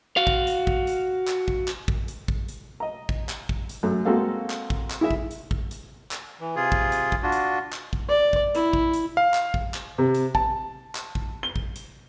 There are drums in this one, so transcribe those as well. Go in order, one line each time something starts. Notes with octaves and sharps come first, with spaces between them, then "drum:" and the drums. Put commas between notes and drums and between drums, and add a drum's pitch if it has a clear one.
F#4 F5
drum: kick
drum: hi-hat
drum: kick
drum: hi-hat
drum: clap
drum: kick
drum: clap
drum: kick
drum: hi-hat
drum: kick
drum: hi-hat
D#5 A#5
drum: kick
drum: clap
drum: kick
drum: hi-hat
F#2 A3
G#3 A#3 C4 F#4 A4 F5
drum: clap
drum: kick
drum: clap
E4 G#4 E5
drum: kick
drum: hi-hat
drum: kick
drum: hi-hat
drum: clap
E3
C3 F4 G#4
drum: kick
drum: hi-hat
drum: kick
D4 F4 F#4
drum: hi-hat
drum: clap
drum: kick
D5
drum: kick
E4, drum: hi-hat
drum: kick
drum: hi-hat
F5
drum: clap
drum: kick
drum: clap
C3
drum: hi-hat
A5, drum: kick
drum: clap
drum: kick
G7
drum: kick
drum: hi-hat